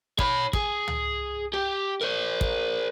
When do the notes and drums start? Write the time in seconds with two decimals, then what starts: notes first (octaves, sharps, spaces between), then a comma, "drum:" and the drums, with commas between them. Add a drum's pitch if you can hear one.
0.19 C#5 B5, drum: kick
0.53 G#4, drum: kick
0.88 drum: tom C#2
1.54 G4
2.01 A#4 C5
2.41 drum: kick